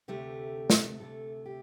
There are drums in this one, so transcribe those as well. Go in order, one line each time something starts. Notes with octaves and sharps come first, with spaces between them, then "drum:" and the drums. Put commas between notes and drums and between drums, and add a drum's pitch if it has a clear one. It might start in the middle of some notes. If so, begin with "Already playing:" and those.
D2 C3 A3 G4
drum: snare
D2 C3 A3 A4
G4